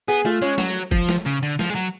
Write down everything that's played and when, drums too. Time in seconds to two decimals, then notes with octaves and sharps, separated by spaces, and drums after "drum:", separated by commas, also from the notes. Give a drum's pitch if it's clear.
0.08 B3 G#4
0.25 A3 F4
0.42 G#3 C#4
0.58 F#3, drum: snare
0.91 F3, drum: kick
1.09 drum: snare
1.26 C#3
1.43 D3
1.59 F3, drum: snare
1.70 G#3
1.75 F#3